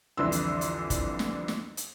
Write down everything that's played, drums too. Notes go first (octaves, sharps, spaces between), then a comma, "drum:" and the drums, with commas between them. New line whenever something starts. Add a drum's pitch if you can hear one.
C2 F2 D3 E3 C6 E6
drum: hi-hat
drum: hi-hat
drum: kick, hi-hat
drum: snare
drum: snare
drum: hi-hat